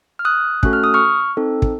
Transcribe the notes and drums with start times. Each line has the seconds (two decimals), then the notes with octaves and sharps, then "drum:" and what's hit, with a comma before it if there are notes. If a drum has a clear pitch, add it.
0.19 F6
0.25 D#6 F#6
0.63 A3 C#4 F#4 A4 F#6, drum: kick
0.73 F6
0.84 D#6
0.94 C#6 F6
1.37 C4 D#4 A4
1.62 drum: kick